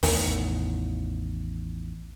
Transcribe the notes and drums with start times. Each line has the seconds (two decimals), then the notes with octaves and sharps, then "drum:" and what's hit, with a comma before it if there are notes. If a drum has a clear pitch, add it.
0.03 A1 E2 A2 D#3, drum: open hi-hat